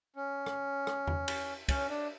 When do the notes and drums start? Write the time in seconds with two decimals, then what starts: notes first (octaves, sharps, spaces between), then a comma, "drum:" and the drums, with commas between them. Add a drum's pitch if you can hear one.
0.16 C#4
0.46 drum: rim click
0.87 drum: rim click
1.07 drum: tom E2
1.28 drum: cymbal
1.69 C#4, drum: kick, cymbal
1.89 D4